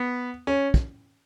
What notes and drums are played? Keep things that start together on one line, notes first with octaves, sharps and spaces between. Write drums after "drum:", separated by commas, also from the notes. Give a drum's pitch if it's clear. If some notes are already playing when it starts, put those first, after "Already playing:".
Already playing: B3
C#4
drum: kick, hi-hat